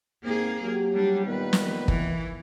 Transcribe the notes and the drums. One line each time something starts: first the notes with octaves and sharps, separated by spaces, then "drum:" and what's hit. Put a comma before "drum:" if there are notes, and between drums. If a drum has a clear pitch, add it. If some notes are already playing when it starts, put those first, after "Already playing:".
G#2 A#3 C4 G#4
F#3 G4
G3 D4
A#2 D#3 B3 B4
drum: snare
E3, drum: kick